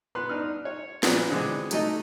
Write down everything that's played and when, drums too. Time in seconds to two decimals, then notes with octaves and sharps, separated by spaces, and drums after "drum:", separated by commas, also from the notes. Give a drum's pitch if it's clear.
0.15 B3 C6 F#6
0.29 D4 D#4 F6
0.65 C#5
1.03 A#2 F3 F#3 B3 C#4 F4, drum: snare
1.30 D3 E3 G#3 C4
1.71 F#3 G3 A3 D#4 A4 D#5, drum: hi-hat